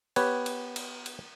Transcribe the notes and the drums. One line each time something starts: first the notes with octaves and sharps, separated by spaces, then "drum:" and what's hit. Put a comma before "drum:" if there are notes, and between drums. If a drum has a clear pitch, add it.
B3 G4 B4 C#5, drum: cymbal
drum: cymbal
drum: cymbal
drum: cymbal